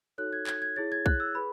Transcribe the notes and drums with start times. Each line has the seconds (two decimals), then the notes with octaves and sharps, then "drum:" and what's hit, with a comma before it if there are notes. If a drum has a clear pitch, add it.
0.18 D#4 F#4 A4 C#5 F#6
0.33 G#6
0.47 G#6, drum: clap
0.62 G#6
0.76 E4 G#4 C#5 A6
0.92 G#6
1.06 F#6, drum: kick B1
1.20 E6
1.35 G#4 B4 B5